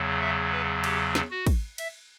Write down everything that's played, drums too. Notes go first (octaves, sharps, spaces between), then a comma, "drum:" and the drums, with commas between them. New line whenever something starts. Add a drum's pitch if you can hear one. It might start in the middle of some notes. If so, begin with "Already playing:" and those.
Already playing: E2 C#3 F#3
E5
B4
G4, drum: cymbal
drum: snare
F#4
drum: kick, cymbal
E5, drum: cymbal